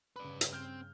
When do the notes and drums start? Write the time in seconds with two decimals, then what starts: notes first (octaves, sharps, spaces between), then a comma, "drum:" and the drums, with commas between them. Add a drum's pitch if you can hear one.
0.16 G2 C#3 B4 D5 B5
0.41 drum: hi-hat
0.53 C4 F6 G6